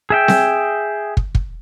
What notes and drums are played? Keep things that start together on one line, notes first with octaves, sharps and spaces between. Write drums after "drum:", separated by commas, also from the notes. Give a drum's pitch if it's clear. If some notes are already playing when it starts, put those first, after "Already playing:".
G#4 E5 G5
drum: snare C4
drum: kick
drum: kick